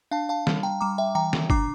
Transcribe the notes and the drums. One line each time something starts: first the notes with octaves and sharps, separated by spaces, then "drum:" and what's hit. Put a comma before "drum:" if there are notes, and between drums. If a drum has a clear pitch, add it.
D4 F5 A5
F5 A5
G3, drum: snare
G5 A#5
G3 A#5 D6
E5 G5
E3 G5 A#5
drum: snare
D4 A#5 D6, drum: kick G1